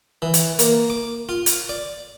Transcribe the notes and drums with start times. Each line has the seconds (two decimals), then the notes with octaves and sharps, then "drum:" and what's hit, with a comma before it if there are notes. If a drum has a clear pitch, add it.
0.22 E3
0.34 drum: hi-hat
0.59 A#3, drum: hi-hat
0.90 D6
1.29 F4
1.46 drum: hi-hat
1.69 D5